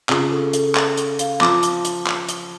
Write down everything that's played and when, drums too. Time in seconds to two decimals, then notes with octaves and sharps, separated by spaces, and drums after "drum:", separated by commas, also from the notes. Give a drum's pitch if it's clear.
0.09 C#3 F4, drum: clap
0.32 A4
0.53 A4, drum: hi-hat
0.75 A4, drum: clap
0.97 A4, drum: hi-hat
1.19 F5, drum: hi-hat
1.41 F3 D6, drum: clap
1.63 drum: hi-hat
1.85 drum: hi-hat
2.07 drum: clap
2.29 drum: hi-hat